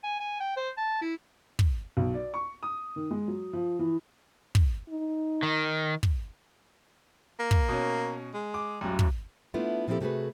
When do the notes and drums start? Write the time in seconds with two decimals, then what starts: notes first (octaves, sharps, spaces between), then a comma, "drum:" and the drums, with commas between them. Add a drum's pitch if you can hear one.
0.04 G#5
0.20 G#5
0.40 G5
0.57 C5
0.77 A5
1.02 E4
1.59 drum: kick
1.97 B1
2.14 D5
2.34 C#6
2.63 D#6
2.96 D#3
3.11 G#3
3.28 F#3
3.53 F3
3.79 E3
4.55 drum: kick
4.90 D#4
5.43 D#3
6.03 drum: kick
7.39 A#3
7.51 drum: kick
7.68 B2 C#4
8.34 G#3
8.54 D6
8.81 D1 F#2 G3
8.99 drum: kick
9.54 A3 B3 D4 E4 F4
9.88 A#2 F3 C4 E4 G4 A4
10.00 C3 A3 F#4 G#4 B4